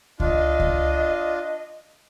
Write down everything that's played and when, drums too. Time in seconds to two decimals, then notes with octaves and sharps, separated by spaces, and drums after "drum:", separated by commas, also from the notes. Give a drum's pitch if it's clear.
0.20 D4 F4 D#5, drum: kick C#2
0.60 drum: kick C#2